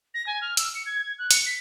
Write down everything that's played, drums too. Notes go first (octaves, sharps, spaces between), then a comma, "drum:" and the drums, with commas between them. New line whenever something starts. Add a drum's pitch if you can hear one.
A#6
G#5
F6
E6, drum: hi-hat
C#7
G#6
G#6
F#6
C#7, drum: hi-hat
B6